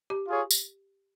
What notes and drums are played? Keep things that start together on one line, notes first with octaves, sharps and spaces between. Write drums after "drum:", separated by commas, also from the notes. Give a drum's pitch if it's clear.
G4
F4 G#4 C#5
drum: tambourine